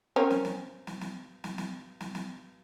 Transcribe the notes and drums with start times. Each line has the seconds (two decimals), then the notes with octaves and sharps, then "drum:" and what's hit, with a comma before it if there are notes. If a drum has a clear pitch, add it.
0.16 C4 C#4 A#4
0.30 drum: snare
0.45 drum: snare
0.87 drum: snare
1.01 drum: snare
1.44 drum: snare
1.58 drum: snare
2.01 drum: snare
2.15 drum: snare